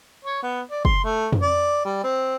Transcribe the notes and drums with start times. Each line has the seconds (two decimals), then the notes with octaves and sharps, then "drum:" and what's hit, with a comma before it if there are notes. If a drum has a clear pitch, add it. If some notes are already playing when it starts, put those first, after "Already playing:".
0.25 C#5
0.42 B3
0.71 D5
0.85 C6, drum: kick
1.04 A3
1.32 drum: tom F2
1.42 D5
1.85 G3
2.04 C4